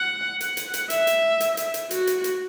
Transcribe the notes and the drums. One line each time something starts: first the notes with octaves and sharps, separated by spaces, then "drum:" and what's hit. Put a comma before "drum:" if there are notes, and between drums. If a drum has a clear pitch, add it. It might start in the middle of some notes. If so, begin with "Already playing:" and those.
Already playing: F#5
F#5, drum: hi-hat
drum: hi-hat
drum: hi-hat
E5, drum: hi-hat
drum: hi-hat
drum: hi-hat
drum: hi-hat
drum: hi-hat
F#4, drum: hi-hat
drum: hi-hat
drum: hi-hat